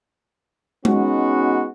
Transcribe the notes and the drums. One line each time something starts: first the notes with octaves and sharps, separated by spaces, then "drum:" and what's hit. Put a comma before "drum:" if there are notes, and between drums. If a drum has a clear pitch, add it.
G#3 B3 C#4 D#4 F#4, drum: tom G#3